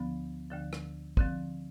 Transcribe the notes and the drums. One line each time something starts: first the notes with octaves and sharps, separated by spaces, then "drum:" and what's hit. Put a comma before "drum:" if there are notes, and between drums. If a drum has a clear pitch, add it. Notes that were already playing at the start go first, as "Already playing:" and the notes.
Already playing: D2 D3 F3 B3
D2 D3 F3
drum: rim click
D3 F3 C4, drum: kick